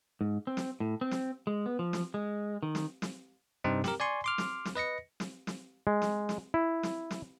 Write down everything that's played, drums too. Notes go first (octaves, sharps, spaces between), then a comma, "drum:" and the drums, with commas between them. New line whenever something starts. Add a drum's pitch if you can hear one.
G#2
C4
drum: snare
A2
C4
drum: snare
G#3
B3
F3
drum: snare
G#3
D#3
drum: snare
drum: snare
G2 C3 C4 D#4
G4 A#4, drum: snare
D5 G#5 C6 C#6
C6 D6 F6
drum: snare
drum: snare
B4 D#5 A#6 C#7
drum: snare
drum: snare
G#3
drum: snare
drum: snare
E4
drum: snare
drum: snare